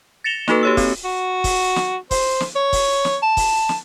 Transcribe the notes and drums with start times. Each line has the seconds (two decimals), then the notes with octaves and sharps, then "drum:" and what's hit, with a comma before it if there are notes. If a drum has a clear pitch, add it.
0.24 A6 A#6 C#7 E7 F7 G7
0.48 A#3 D#4 F#4 A4 B4, drum: snare
0.63 G4 C#5 E6
0.77 C4, drum: kick, open hi-hat
1.04 F#4
1.44 drum: kick, open hi-hat
1.76 drum: snare
2.11 C5, drum: kick, open hi-hat
2.40 drum: snare
2.56 C#5
2.73 drum: kick, open hi-hat
3.05 drum: snare
3.23 A5
3.37 drum: kick, open hi-hat
3.69 drum: snare